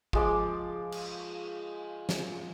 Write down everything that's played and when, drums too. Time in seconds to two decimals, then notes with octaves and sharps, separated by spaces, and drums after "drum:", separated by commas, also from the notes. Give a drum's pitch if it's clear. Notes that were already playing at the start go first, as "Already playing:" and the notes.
0.13 F3 G#3 D6, drum: kick
0.92 drum: cymbal
2.09 drum: snare